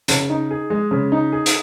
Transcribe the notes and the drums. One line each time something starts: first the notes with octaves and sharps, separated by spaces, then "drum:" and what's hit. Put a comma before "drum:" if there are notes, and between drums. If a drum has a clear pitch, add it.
C#3, drum: hi-hat
D#4
G#4
G#3
C#3
D#4
G#4
drum: hi-hat